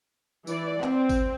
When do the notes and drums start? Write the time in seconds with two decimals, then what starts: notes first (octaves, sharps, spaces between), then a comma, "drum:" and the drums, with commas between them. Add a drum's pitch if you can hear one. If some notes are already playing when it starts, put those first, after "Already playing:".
0.47 E3 D5, drum: tambourine
0.81 C4, drum: clap
1.09 drum: kick G#1, tambourine